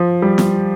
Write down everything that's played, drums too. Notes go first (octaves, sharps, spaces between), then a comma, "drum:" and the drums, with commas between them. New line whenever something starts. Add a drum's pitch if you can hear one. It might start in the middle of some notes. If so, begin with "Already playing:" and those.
Already playing: F3
G3
drum: snare